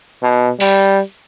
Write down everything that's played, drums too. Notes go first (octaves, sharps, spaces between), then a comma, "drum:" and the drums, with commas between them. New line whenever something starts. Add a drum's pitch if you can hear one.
B2
G3, drum: open hi-hat